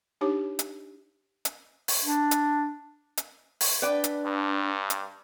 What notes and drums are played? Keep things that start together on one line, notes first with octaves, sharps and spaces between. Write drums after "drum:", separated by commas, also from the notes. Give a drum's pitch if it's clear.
D4 D#4 G4 C#5 D6
drum: hi-hat
drum: hi-hat
drum: open hi-hat
D4
drum: hi-hat
drum: hi-hat
drum: open hi-hat
D4 B4 D5 G5
drum: hi-hat
G2
drum: hi-hat